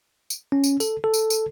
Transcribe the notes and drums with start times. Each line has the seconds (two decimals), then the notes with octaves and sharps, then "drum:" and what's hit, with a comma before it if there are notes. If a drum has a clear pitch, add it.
0.30 drum: tambourine
0.52 C#4
0.64 drum: tambourine
0.80 A4, drum: tambourine
1.04 A4
1.14 drum: tambourine
1.30 drum: tambourine